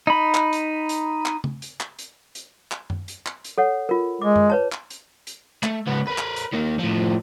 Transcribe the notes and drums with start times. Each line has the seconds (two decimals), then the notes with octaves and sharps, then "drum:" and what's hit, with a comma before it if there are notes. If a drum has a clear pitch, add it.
0.07 D#4 B5
0.34 drum: clap
0.53 drum: hi-hat
0.89 drum: hi-hat
1.26 drum: clap
1.44 drum: tom C#3
1.62 drum: hi-hat
1.80 drum: clap
1.99 drum: hi-hat
2.35 drum: hi-hat
2.72 drum: clap
2.90 drum: tom F#2
3.08 drum: hi-hat
3.26 drum: clap
3.45 drum: hi-hat
3.58 A4 C#5 F#5
3.89 F4 A#4
4.22 G#3 D6
4.36 drum: tom F#2
4.50 B4 C#5 A5
4.72 drum: clap
4.90 drum: hi-hat
5.27 drum: hi-hat
5.63 A3, drum: clap
5.87 C#2 B3
6.08 A#4 B4
6.18 drum: clap
6.36 drum: hi-hat
6.53 D#3 A#3
6.79 A2 F3